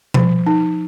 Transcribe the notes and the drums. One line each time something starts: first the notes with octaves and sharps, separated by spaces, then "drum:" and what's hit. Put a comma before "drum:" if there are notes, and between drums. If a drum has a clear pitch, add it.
F3, drum: tom B2
D#4